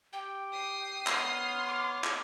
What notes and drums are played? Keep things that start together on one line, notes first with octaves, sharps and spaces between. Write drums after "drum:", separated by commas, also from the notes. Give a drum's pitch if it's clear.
G4 G5
D#6 C7
B3 C#5 C6 F6, drum: clap
D6
drum: clap